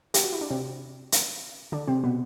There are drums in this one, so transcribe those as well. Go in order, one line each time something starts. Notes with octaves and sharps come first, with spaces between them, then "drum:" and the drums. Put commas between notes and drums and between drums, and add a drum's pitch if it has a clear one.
G4, drum: hi-hat
F#4
E4
D4
C3 C4
drum: hi-hat
D3 D4
C3 C4
B2 B3